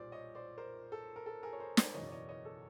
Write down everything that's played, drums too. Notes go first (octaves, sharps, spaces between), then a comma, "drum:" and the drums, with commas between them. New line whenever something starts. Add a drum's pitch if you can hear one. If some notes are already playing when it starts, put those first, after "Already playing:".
Already playing: B1 A#2 G3 C5 D5
C#5 D#5
C5 D5
A#4 C5
A4
A#4
A4
G#4 A#4
C#5
A#4 C5
C5 D5, drum: snare
F#1 E2 B2 C#5 D#5
D5
C#5 D#5
C#5 D#5
A4